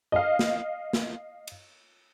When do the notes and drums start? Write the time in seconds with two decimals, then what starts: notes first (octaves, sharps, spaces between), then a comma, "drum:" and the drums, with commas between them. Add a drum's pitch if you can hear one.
0.12 D#5 F5
0.39 drum: snare
0.93 drum: snare
1.47 drum: cymbal